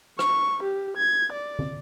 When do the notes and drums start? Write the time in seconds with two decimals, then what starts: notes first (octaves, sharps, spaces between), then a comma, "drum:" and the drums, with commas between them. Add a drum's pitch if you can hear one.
0.19 C#6, drum: rim click
0.63 G4
0.97 G#6
1.32 D5
1.59 drum: tom